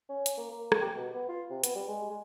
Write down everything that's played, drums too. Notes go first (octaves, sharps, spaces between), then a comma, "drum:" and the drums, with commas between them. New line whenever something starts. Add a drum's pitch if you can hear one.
C#4
drum: hi-hat
A#3
A#3
drum: rim click
G4
B2
B3
F4
C3
B3, drum: hi-hat
G3
G#3
G#3